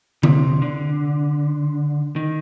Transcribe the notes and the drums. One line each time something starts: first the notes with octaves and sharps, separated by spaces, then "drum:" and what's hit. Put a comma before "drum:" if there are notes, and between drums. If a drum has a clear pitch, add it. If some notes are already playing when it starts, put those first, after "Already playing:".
C3, drum: tom D3
D3
D#3